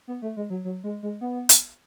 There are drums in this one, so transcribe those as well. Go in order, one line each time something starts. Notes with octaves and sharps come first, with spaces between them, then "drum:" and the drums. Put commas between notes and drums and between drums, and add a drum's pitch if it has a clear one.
B3
A3
G#3
F#3
F#3
G#3
G#3
B3
drum: hi-hat